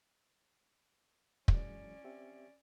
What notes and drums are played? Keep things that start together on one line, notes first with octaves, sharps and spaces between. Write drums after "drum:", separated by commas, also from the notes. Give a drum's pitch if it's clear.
E3 F#3 G#3 C#4 D5, drum: kick
C4 G4 E5